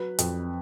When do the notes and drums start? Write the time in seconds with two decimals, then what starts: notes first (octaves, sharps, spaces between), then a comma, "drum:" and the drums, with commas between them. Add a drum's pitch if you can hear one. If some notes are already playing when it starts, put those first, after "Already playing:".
Already playing: F#3 B4
0.19 F2, drum: hi-hat